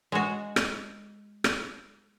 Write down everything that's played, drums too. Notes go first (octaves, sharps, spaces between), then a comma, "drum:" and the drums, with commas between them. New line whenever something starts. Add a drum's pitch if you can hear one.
G#3 F#4
drum: rim click
drum: rim click